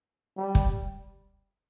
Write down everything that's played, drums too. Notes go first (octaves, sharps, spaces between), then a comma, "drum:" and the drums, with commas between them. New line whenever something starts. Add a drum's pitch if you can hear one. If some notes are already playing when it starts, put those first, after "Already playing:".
G3
drum: kick